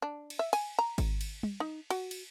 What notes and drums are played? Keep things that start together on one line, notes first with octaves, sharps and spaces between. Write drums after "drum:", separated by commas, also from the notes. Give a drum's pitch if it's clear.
D4
drum: cymbal
E5
G#5, drum: cymbal
A#5
drum: kick G#1, cymbal
drum: cymbal
drum: tom G3
D#4
F#4, drum: cymbal
drum: cymbal